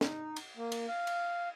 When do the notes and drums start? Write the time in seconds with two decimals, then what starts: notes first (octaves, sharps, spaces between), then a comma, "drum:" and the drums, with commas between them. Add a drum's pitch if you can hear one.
0.01 D#4, drum: snare
0.36 drum: cymbal
0.57 A#3
0.72 drum: cymbal
0.88 F5
1.07 drum: cymbal